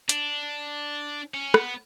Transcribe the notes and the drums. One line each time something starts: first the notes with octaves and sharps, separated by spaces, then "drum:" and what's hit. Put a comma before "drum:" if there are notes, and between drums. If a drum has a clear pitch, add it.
D4, drum: hi-hat
C#4
B3, drum: rim click